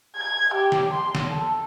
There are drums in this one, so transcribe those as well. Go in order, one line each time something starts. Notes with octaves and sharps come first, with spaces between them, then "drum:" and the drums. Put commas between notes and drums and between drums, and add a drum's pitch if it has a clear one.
G#6
G4
drum: snare
C6
drum: snare
A4